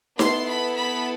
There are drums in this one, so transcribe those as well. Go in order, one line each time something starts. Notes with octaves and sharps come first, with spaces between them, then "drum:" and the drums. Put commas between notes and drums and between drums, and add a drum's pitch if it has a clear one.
B3 E4 A4 C6, drum: snare D#4
B5
B5